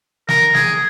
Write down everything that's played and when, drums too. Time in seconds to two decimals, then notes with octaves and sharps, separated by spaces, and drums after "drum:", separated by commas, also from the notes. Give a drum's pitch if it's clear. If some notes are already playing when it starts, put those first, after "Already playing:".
0.29 A#4, drum: snare
0.55 G#4, drum: snare